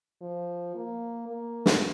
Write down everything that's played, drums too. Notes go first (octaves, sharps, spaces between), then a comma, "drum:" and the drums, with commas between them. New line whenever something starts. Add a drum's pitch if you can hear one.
F3
A#3
A#3
drum: snare